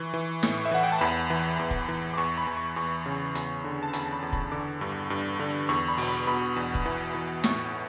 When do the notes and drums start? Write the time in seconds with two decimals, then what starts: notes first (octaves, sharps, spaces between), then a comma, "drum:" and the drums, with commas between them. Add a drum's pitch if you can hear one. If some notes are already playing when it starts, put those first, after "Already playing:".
Already playing: E3 C#6
0.14 E3
0.43 A2, drum: snare
0.65 E5
0.71 E3 F#5
0.84 G5
0.92 A5
1.01 E2 B5
1.30 E3
1.59 E2
1.71 drum: kick
1.88 E3
2.14 D6
2.18 E2 C#6
2.38 B5
2.47 E2
2.57 C#6
2.76 E2 C#6
3.06 C#3
3.35 E2, drum: hi-hat
3.64 D3
3.83 A5
3.93 E2 B5, drum: hi-hat
4.08 A5
4.13 B5
4.22 E2
4.33 B5, drum: kick
4.51 D3 D6
4.81 G2
5.10 G2
5.40 D3
5.69 E2 C#6
5.88 B5
5.98 B2, drum: open hi-hat
6.08 B5
6.27 B2 B5
6.56 E2
6.75 drum: kick
6.86 E3
7.14 E3
7.44 A2 C#6, drum: snare